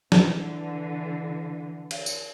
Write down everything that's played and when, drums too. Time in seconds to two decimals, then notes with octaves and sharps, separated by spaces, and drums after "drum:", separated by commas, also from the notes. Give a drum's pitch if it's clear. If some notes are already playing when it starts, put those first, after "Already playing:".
0.12 D3 E3, drum: snare
1.91 drum: cymbal
2.06 drum: tambourine